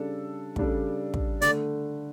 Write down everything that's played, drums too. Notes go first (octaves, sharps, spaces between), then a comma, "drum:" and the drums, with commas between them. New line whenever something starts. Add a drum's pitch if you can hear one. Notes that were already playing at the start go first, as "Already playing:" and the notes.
Already playing: C#3 G3 D4 A4
C#3 G3 D4 A4, drum: kick
drum: kick
D3 A3 D5, drum: hi-hat